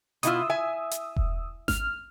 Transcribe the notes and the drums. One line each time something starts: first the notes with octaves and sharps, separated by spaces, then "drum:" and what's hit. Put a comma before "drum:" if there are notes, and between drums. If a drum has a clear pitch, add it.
B2 E4 F4 D#6 E6, drum: hi-hat
E5 G#5
drum: hi-hat
drum: kick E1
F6, drum: snare G#1